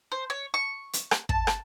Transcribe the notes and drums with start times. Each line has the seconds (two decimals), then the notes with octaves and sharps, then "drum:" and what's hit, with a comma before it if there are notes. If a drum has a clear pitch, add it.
0.12 C5
0.30 C#5
0.54 C#6
0.93 drum: hi-hat
1.11 drum: rim click
1.29 A5, drum: kick
1.47 drum: rim click